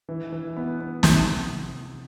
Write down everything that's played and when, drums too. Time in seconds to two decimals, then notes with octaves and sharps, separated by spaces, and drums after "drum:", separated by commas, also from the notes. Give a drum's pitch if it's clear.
0.09 E3
0.32 E3
0.57 B3
0.80 B3
1.03 C3, drum: snare
1.27 C3